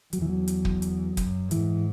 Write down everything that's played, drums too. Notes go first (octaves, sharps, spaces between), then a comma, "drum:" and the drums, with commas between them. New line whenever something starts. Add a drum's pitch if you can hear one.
E2 F#3, drum: hi-hat
E3
F#3
drum: hi-hat
drum: kick
drum: hi-hat
F#2, drum: kick, hi-hat
G#2 E3, drum: hi-hat